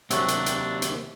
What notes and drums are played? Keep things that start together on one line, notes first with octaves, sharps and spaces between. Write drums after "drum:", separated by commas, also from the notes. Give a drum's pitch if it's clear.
C3 F#3 A#3 D4 G4 C#6 E6, drum: hi-hat
drum: hi-hat
drum: hi-hat
drum: hi-hat